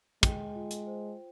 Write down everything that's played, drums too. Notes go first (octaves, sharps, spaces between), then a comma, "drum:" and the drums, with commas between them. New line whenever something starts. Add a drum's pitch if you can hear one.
G#3 G5, drum: kick, hi-hat
F4
drum: hi-hat
C5